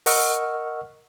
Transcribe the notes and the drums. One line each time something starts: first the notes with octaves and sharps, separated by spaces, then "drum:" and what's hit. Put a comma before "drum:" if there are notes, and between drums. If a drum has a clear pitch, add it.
A#4 D#5 F#5 C#6 E6 F6, drum: open hi-hat